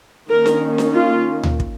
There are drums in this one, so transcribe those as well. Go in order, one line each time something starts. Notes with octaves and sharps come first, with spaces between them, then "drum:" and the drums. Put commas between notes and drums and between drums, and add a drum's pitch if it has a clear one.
D#3 A#3 C#4 A#4
drum: snare D4
drum: snare D4
F4
drum: tom D2
drum: kick